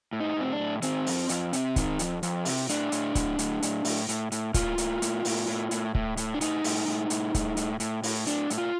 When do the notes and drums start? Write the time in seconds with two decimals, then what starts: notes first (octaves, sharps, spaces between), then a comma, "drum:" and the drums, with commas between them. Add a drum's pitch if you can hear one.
0.13 A2
0.20 D#4
0.36 A2 C4
0.52 D4
0.60 A2
0.82 D#3 C4, drum: hi-hat
1.07 F2, drum: open hi-hat
1.29 F2, drum: hi-hat
1.53 C3, drum: hi-hat
1.76 D#3, drum: kick, hi-hat
1.99 F2, drum: hi-hat
2.23 F2, drum: hi-hat
2.45 C3, drum: open hi-hat
2.69 A2 D4, drum: hi-hat
2.92 A2, drum: hi-hat
3.15 A2, drum: kick, hi-hat
3.39 A2, drum: hi-hat
3.62 A2, drum: hi-hat
3.85 A2, drum: open hi-hat
4.09 A2, drum: hi-hat
4.32 A2, drum: hi-hat
4.54 A2 F4, drum: kick, hi-hat
4.78 A2, drum: hi-hat
5.02 A2, drum: hi-hat
5.25 A2, drum: open hi-hat
5.48 A2
5.71 A2, drum: hi-hat
5.95 A2, drum: kick
6.17 A2, drum: hi-hat
6.34 D4
6.41 A2 D#4, drum: hi-hat
6.64 A2, drum: open hi-hat
6.87 A2
7.10 A2, drum: hi-hat
7.35 A2, drum: kick, hi-hat
7.57 A2, drum: hi-hat
7.80 A2, drum: hi-hat
8.03 A2, drum: open hi-hat
8.27 A2 D4, drum: hi-hat
8.50 A2, drum: hi-hat
8.58 F4